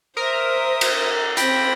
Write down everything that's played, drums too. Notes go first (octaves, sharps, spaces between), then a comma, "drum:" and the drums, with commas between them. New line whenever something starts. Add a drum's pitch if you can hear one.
A#4 C5 E5 D#6
drum: cymbal
C4 G5 B5 A#6, drum: hi-hat